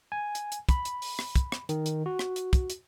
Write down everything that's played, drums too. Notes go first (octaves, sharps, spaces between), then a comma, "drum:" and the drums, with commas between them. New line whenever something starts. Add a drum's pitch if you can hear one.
G#5
drum: hi-hat
drum: hi-hat
B5, drum: kick, hi-hat
drum: hi-hat
drum: open hi-hat
drum: rim click
drum: kick, hi-hat
drum: rim click
D#3, drum: hi-hat
drum: hi-hat
F#4
drum: rim click
drum: hi-hat
drum: kick, hi-hat
drum: hi-hat